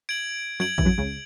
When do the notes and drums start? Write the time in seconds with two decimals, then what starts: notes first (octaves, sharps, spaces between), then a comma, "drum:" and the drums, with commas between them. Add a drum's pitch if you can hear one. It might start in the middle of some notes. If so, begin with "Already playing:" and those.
0.09 G#6 D7 F#7
0.60 F#2 F#3 G#6 D7 F#7
0.78 E3, drum: kick
0.85 F#2 F#3
0.98 C#2 C#3